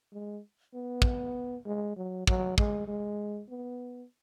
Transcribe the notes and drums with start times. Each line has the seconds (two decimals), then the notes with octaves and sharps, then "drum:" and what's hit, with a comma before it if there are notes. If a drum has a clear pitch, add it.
0.13 G#3
0.74 B3
1.02 drum: kick
1.66 G#3
1.96 F#3
2.27 F#3, drum: kick
2.58 G#3, drum: kick
2.88 G#3
3.50 B3